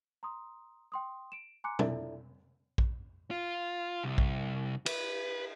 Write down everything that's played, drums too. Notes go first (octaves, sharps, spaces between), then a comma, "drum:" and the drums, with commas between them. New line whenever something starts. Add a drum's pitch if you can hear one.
A#5 C6 D#6
G5 C6 D#6
D7 E7
G#5 A#5 C6 D6 F#6 C#7
D4 E4 F4 A4 D5 E5, drum: tom
drum: kick A#1
F4
C2
drum: kick A#1
B4, drum: cymbal